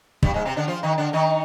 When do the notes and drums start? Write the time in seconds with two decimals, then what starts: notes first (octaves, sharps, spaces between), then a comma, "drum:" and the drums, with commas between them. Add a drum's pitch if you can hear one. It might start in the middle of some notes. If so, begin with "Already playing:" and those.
0.23 G2 G3, drum: kick
0.34 G#2 G#3
0.45 C3 C4
0.56 D3 D4
0.68 F3 F4
0.83 D#3 D#4
0.98 D3 D4
1.13 D#3 D#4